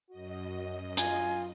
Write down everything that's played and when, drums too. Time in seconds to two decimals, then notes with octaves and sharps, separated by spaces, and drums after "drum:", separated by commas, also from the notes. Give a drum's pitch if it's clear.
0.10 F#2 F#4 D#5
0.97 F4 G#5, drum: hi-hat